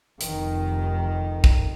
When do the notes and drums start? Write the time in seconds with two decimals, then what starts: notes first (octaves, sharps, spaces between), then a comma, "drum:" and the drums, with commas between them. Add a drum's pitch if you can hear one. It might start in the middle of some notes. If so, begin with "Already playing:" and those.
0.21 F1 F2 D#3, drum: hi-hat
1.44 drum: kick